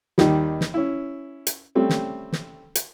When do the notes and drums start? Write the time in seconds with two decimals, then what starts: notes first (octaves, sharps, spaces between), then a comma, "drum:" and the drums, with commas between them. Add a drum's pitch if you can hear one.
0.18 D#2 D#3 G3, drum: snare
0.61 drum: snare
0.74 C#4 E4
1.47 drum: hi-hat
1.75 G3 A3 C4 C#4
1.90 drum: snare
2.32 drum: snare
2.75 drum: hi-hat